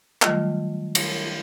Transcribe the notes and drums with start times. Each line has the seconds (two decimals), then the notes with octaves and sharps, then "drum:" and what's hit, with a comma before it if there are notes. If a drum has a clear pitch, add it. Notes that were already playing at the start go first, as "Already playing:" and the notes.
0.22 D#3 F#3 G3 A3 F4 D#5, drum: clap
0.95 drum: cymbal